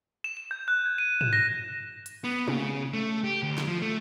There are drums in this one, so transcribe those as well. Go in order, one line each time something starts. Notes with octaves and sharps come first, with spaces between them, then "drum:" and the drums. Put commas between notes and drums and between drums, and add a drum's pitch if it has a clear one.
E7
E7
G6
F#6
G#6
D#7
E7, drum: tom
A#6
drum: hi-hat
B3
C#3, drum: tom
A3
G4
D2
drum: snare
F3
A3